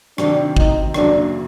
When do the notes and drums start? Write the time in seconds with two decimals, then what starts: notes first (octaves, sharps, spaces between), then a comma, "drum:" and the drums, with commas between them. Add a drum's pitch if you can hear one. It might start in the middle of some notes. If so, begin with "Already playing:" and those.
0.18 C3 D#3 F#3 C4 D4, drum: rim click
0.57 D#4, drum: kick
0.94 F#1 F#2 F#3 A#3 D4, drum: rim click